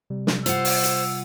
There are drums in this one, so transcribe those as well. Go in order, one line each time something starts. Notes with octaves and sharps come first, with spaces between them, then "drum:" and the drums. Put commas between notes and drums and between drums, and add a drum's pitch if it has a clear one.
C3 G3
drum: snare
F4 C5 F#5 E6, drum: hi-hat
drum: open hi-hat
drum: hi-hat